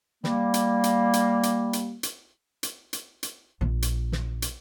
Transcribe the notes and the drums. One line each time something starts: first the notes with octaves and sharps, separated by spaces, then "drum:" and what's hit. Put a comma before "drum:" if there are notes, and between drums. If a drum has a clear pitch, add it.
G3 A#3, drum: snare
drum: hi-hat
drum: hi-hat
drum: hi-hat
drum: hi-hat
drum: hi-hat
drum: hi-hat
drum: hi-hat
drum: hi-hat
drum: hi-hat
A#1 F4
drum: hi-hat
drum: snare
drum: hi-hat